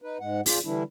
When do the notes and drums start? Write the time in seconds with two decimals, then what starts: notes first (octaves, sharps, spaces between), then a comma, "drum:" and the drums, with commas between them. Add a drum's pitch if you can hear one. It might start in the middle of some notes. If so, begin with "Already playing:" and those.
0.02 D#4 B4
0.20 G#2 G#3 F#5
0.46 F4 G#4 C5 D5, drum: open hi-hat
0.64 D3 E3 G3 D4 E4